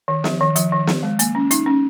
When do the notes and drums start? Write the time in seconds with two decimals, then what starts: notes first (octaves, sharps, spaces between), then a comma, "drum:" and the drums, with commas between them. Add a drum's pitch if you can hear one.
0.08 D#3
0.24 F3, drum: snare
0.41 D#3
0.56 F3, drum: hi-hat
0.72 D#3
0.87 drum: snare
1.03 G#3
1.19 A#3, drum: hi-hat
1.35 C#4
1.51 D#4, drum: hi-hat
1.66 C#4